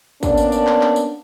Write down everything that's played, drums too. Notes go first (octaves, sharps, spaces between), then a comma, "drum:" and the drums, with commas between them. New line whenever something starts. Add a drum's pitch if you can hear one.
A#3 B3 C#4 D4, drum: kick, tambourine
drum: tambourine
drum: tambourine
drum: clap
drum: clap
drum: tambourine